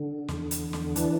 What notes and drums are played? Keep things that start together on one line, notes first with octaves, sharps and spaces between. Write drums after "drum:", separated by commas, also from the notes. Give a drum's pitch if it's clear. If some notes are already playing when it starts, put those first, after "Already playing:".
Already playing: D3
E2, drum: snare
D3
drum: hi-hat
drum: snare
E3 D4, drum: hi-hat